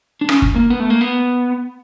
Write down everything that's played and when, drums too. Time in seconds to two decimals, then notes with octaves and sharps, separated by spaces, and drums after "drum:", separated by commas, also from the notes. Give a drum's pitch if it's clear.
0.21 D4
0.29 C#4, drum: rim click
0.42 drum: kick F#1
0.56 A#3
0.70 B3
0.80 A3
0.90 A#3
1.01 B3